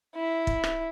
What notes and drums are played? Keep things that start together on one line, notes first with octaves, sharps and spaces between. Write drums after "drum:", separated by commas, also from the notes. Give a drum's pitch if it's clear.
E4
drum: kick
drum: rim click